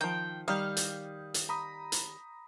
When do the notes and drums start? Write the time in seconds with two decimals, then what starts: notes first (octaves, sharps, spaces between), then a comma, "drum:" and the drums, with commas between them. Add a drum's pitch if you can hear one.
0.01 D#3 F3 G5
0.48 D#3 G3 F5 D#6 G6
0.77 drum: hi-hat
1.34 drum: hi-hat
1.49 A#5 B5 D#6
1.92 drum: hi-hat